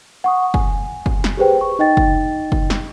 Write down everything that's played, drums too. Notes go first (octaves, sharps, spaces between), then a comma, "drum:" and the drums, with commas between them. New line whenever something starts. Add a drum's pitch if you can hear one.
F#5 C#6 D#6
G#5, drum: kick
drum: kick
drum: snare
G4 G#4 B4 C5 G5
C#6
D#4 D#5 G5 A6
drum: kick
drum: kick
drum: snare